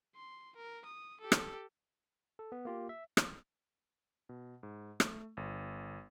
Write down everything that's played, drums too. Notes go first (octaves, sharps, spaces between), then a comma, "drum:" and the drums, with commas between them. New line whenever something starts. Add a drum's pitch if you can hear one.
C6
A#4
D#6
G4 A4
drum: rim click
A4
B3
A#3 F4 G4
E5
drum: rim click
B2
G#2
A3, drum: rim click
G1